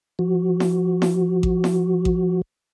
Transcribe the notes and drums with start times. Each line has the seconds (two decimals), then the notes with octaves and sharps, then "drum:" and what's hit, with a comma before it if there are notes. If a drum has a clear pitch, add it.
0.19 F3 F#4
0.60 drum: snare E4
1.02 drum: snare E4
1.43 drum: kick A1
1.64 drum: snare E4
2.05 drum: kick A1